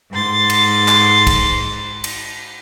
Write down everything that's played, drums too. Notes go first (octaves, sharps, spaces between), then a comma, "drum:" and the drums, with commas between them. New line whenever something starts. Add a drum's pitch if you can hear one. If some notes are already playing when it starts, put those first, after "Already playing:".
G#2 C6 A6
drum: cymbal
drum: clap
drum: kick, cymbal
drum: cymbal